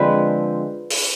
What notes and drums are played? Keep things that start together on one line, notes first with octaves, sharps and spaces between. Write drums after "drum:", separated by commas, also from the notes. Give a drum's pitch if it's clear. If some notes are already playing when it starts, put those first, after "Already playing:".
Already playing: D3 F3 G#3 C4 B4
drum: open hi-hat